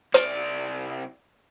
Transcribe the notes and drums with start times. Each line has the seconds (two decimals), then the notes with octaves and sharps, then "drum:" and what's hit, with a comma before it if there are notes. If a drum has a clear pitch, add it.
0.14 C2 D5, drum: hi-hat